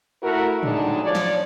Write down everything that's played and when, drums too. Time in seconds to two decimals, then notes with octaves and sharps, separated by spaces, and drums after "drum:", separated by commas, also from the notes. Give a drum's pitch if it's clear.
0.23 A3 E4 F#4 A#4
0.63 A2 C#3 F#3 G#3 D4 D#4, drum: tom A2
1.04 F3 C#5 D5
1.15 drum: snare